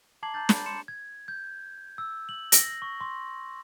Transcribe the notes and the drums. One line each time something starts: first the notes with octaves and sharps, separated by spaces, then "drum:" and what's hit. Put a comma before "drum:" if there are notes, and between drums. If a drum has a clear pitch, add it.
A5 A#5 D6 G#6 C7 F#7
A5 A#5 D6 F6 G6 A6
B5, drum: snare
C6 C#7 E7
G#6
G6
E6
F#7
A#6, drum: hi-hat
C#6
C6